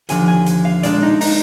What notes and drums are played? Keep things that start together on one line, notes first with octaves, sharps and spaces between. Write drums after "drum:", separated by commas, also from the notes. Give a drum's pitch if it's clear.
D#2 D3 F3 G#5, drum: hi-hat
G#5
drum: hi-hat
F5
A#2 G#3 D4 D5, drum: hi-hat
D#4
D#4, drum: open hi-hat